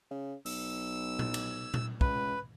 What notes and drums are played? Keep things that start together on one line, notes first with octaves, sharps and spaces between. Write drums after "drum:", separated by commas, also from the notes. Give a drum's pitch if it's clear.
C#3
B1 E6, drum: open hi-hat
drum: tom A#2
drum: cymbal
drum: tom A#2
C#2 B4, drum: kick